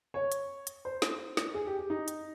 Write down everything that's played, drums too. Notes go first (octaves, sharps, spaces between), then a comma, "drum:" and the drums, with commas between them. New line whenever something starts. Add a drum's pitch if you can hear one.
C#5
drum: hi-hat
drum: hi-hat
C5
drum: snare
drum: snare
G#4
G4
G4
D#4
drum: hi-hat